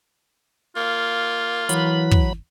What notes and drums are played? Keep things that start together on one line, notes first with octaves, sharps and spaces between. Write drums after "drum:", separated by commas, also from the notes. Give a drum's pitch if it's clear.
A#3 F4
E3 F#3 B5, drum: hi-hat
drum: kick